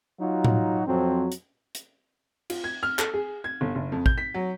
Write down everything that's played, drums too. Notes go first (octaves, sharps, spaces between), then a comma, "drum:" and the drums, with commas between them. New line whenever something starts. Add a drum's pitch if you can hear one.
F#3 D#4 F4 F#4
drum: tom A2
F2 F#3 C4
drum: hi-hat
drum: hi-hat
F4, drum: cymbal
G#6
F6
A4, drum: clap
G#4
G#6
G1
F#1
F2
G6, drum: kick
B6
F#3